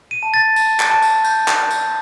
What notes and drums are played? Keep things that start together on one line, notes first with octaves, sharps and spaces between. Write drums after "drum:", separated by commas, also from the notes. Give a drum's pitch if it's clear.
D#7
A5
A6
A5, drum: tambourine
drum: clap
A5
drum: tambourine
G6, drum: tambourine
drum: clap
G6
drum: tambourine